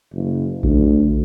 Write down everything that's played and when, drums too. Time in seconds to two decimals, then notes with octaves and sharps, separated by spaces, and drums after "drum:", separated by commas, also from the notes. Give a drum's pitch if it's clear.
0.14 F#1
0.63 D2, drum: kick A#1